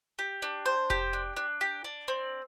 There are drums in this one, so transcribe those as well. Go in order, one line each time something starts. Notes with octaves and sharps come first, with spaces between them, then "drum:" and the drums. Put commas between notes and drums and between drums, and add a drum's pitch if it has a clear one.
G4
D4
C5
G4, drum: kick F1
D4
D4
G4
D4
C4